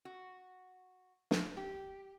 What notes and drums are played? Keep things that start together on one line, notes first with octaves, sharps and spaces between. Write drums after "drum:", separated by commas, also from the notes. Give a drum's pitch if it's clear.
F#4
drum: snare
G4